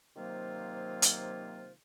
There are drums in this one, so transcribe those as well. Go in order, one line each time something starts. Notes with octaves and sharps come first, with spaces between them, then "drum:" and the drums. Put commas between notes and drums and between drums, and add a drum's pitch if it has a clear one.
C3 D#3 F#3 A#3 F4 C5
drum: hi-hat